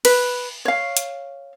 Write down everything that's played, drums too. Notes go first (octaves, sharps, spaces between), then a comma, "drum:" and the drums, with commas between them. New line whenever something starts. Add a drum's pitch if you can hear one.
B4, drum: cymbal
C#5 F5
drum: hi-hat